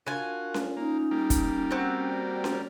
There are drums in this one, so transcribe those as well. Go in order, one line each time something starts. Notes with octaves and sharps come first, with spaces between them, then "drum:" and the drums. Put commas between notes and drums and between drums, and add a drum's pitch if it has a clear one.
D4 F4 F#4 A#4 G#5
drum: snare C#4
A#3 C#4 D#4
G3 A#3
drum: kick, hi-hat
C4 F#4
D5
drum: snare C#4